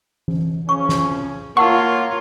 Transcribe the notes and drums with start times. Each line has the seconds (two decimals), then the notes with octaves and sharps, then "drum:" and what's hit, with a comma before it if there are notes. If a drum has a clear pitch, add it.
0.28 drum: tom E3
0.69 C#3 F3 C#4 C#6
0.89 drum: snare
1.57 A#3 F4 C#5 F#5 A5 C#6 E6